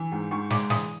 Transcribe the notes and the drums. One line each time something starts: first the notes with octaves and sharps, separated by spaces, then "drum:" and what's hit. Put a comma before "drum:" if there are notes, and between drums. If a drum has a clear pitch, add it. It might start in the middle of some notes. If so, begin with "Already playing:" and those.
Already playing: E3
G#2
G#2 C#6
G#3 D6, drum: snare
E3 D#6, drum: snare